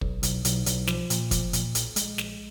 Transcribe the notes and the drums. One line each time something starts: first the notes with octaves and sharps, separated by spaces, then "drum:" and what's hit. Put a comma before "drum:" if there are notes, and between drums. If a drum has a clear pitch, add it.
B1, drum: kick
B1, drum: hi-hat
B1, drum: hi-hat
B1, drum: hi-hat
F3, drum: snare
A#2, drum: hi-hat
F3, drum: kick, hi-hat
A#2, drum: hi-hat
A#1, drum: hi-hat
G#3, drum: hi-hat
A#1, drum: snare